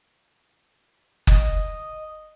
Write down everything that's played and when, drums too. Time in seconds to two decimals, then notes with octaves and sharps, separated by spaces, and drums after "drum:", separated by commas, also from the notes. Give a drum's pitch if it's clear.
1.27 D#5, drum: kick F#1